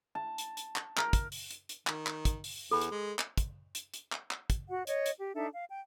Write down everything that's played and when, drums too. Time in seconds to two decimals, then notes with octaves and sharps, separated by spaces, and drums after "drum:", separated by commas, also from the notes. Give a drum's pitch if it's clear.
0.15 A5
0.38 drum: hi-hat
0.57 drum: hi-hat
0.76 drum: clap
0.97 A#4, drum: clap
1.13 drum: kick, hi-hat
1.32 drum: open hi-hat
1.51 drum: hi-hat
1.69 drum: hi-hat
1.87 D#3, drum: clap
2.07 drum: clap
2.25 drum: kick, hi-hat
2.44 drum: open hi-hat
2.71 E2 A4 B5
2.81 drum: hi-hat
2.91 G#3
3.19 drum: clap
3.37 drum: kick, hi-hat
3.75 drum: hi-hat
3.94 drum: hi-hat
4.12 drum: clap
4.31 drum: clap
4.50 drum: kick, hi-hat
4.68 F#4 F#5
4.87 C#5 D#5, drum: hi-hat
5.06 drum: hi-hat
5.19 G4
5.34 D4 D#4 A4 E5
5.53 F5
5.70 G5